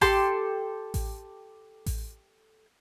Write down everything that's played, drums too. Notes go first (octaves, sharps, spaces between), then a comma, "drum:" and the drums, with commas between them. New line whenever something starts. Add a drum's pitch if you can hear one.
G4 A4 A5 C6, drum: kick A1, open hi-hat
drum: kick A1, open hi-hat
drum: kick A1, open hi-hat